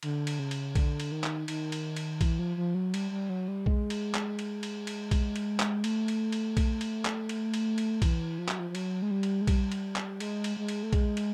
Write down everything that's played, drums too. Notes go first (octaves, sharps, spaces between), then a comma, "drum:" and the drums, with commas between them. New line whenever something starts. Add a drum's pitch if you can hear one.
D3, drum: cymbal
drum: cymbal
C#3
drum: cymbal
D3, drum: kick, cymbal
drum: cymbal
D#3
drum: clap
D#3, drum: cymbal
drum: cymbal
drum: cymbal
E3, drum: kick, cymbal
F3
F3
F#3
G3, drum: cymbal
G3
F#3
G3
G#3, drum: kick
drum: cymbal
drum: clap
drum: cymbal
drum: cymbal
drum: cymbal
drum: kick, cymbal
drum: cymbal
drum: clap
A3, drum: cymbal
drum: cymbal
drum: cymbal
drum: kick, cymbal
drum: cymbal
drum: clap
drum: cymbal
drum: cymbal
drum: cymbal
E3, drum: kick, cymbal
F3
F#3, drum: clap
F3
F3
F#3, drum: cymbal
G#3
G3
drum: cymbal
G#3
G3, drum: kick, cymbal
drum: cymbal
drum: clap
G#3, drum: cymbal
drum: cymbal
G#3
drum: cymbal
A3
G#3, drum: kick, cymbal
drum: cymbal